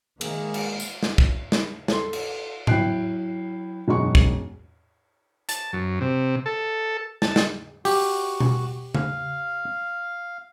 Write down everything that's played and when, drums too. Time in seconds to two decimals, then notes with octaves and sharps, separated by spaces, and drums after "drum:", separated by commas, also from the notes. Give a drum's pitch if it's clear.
0.21 D#3 G#3 A#3 G#4, drum: cymbal
0.54 drum: cymbal
0.80 drum: tambourine
1.03 drum: snare
1.18 drum: kick
1.52 drum: snare
1.88 A4 C6, drum: snare
2.13 drum: cymbal
2.67 F#3 E4 G5 F#6 C7 D7, drum: tom G#2
3.88 E1 F#2 G#3 D#4 F#5 C#6
4.15 drum: kick
5.49 A5, drum: hi-hat
5.73 F#2
6.01 C3
6.46 A4
7.22 A5, drum: snare
7.36 drum: snare
7.85 F#4 G4, drum: open hi-hat
8.40 drum: tom B2
8.95 F5, drum: tom C#3